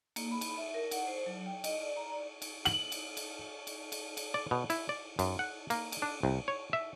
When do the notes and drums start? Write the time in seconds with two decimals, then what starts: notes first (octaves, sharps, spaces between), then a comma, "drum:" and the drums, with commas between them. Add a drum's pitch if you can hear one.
0.16 A#3, drum: cymbal
0.31 B5
0.41 drum: cymbal
0.57 E5
0.74 A#4
0.91 F#5, drum: cymbal
1.07 C5
1.26 F#3
1.46 G5
1.64 D#5, drum: cymbal
1.81 D5
1.97 A#5
2.12 D5
2.42 drum: cymbal
2.65 F#7, drum: cymbal
2.92 drum: cymbal
3.17 drum: cymbal
3.67 drum: cymbal
3.92 drum: cymbal
4.17 drum: cymbal
4.34 D5
4.51 B2
4.70 E4, drum: cymbal
4.89 D5
5.19 F#2, drum: cymbal
5.39 F#5
5.70 A#3, drum: cymbal
5.92 drum: cymbal
6.02 D4
6.23 C2
6.48 C#5
6.73 E5